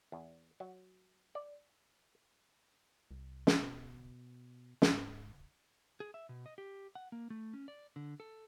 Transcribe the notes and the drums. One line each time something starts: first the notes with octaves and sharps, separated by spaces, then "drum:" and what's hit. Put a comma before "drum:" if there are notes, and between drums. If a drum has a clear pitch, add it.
E2
F#3
D5
C2
drum: snare
B2
drum: snare
G#2
G#4
E5
B2
D#5
G4
F#5
A#3
A3
C#4
D5
D3
A4